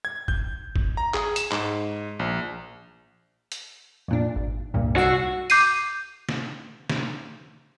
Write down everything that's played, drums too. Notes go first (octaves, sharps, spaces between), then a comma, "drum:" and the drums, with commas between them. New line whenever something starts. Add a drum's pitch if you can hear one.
G#6
G6, drum: kick
drum: kick
A#5
G#4, drum: clap
E7, drum: hi-hat
G#2, drum: clap
A#1
drum: hi-hat
F2 A#2 D4
G#1
C#2 G2 A#2
C2 F#4 E6 C7
D6 G6 C7 D#7, drum: open hi-hat
drum: snare
drum: snare